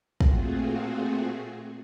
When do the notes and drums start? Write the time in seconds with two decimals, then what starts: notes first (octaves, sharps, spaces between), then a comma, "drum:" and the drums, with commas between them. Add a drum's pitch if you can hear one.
0.21 A#2 A3 C4 F4 F#4 G#4, drum: kick